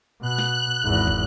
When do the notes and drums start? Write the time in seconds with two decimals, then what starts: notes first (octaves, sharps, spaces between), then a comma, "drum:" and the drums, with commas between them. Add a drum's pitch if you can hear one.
0.22 B2 F#6
0.38 drum: snare
0.84 G#1 E2
1.07 drum: kick